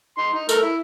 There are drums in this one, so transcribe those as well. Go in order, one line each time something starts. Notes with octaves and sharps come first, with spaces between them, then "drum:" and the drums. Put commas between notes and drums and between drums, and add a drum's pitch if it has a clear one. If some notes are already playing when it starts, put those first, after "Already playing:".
D#4 C6
D#4
A3 A4 A#4, drum: tambourine
E4